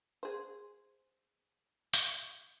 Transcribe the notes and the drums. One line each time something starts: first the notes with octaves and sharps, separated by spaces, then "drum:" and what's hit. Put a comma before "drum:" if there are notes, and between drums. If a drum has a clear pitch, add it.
G#4 C5
drum: hi-hat